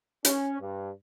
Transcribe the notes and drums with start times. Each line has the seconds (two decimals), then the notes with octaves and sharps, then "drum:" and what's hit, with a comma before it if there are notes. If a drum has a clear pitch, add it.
0.25 C#4, drum: hi-hat
0.60 G2